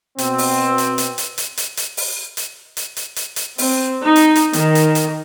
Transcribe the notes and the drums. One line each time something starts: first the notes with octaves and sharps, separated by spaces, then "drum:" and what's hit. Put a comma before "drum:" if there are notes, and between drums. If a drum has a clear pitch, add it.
B2 C4, drum: hi-hat
drum: open hi-hat
drum: hi-hat
drum: hi-hat
drum: hi-hat
drum: hi-hat
drum: hi-hat
drum: hi-hat
drum: open hi-hat
drum: hi-hat
drum: hi-hat
drum: hi-hat
drum: hi-hat
drum: hi-hat
C4, drum: open hi-hat
D#4
drum: hi-hat
drum: hi-hat
D#3, drum: hi-hat
drum: hi-hat
drum: hi-hat